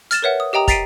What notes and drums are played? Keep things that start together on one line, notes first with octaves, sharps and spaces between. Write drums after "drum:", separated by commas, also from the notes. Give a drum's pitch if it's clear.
F6 A6 E7, drum: hi-hat
A#4 B4 C#5 E5 F#5
D#6
G4 D#5 G5 A#5 D#6
A#5 A6 B6 C7 D7 D#7, drum: kick, hi-hat